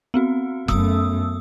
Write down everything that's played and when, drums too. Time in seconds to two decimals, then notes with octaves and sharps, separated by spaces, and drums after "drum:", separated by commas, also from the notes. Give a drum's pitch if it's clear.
0.14 B3 C4 F#4
0.68 F#2 A3 B3 D#6 E6, drum: kick F1